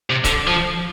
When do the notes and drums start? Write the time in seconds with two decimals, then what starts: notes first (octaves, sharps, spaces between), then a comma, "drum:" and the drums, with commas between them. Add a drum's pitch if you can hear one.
0.10 C3
0.24 D3, drum: kick C#1, hi-hat
0.47 F3